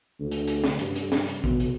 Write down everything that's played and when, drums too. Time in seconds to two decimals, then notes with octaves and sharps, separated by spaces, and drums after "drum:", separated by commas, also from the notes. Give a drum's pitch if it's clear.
0.20 D2
0.32 drum: hi-hat
0.48 drum: hi-hat
0.64 drum: snare
0.79 G2, drum: hi-hat
0.96 drum: hi-hat
1.12 drum: snare
1.28 drum: hi-hat
1.44 B2, drum: kick A1
1.60 drum: hi-hat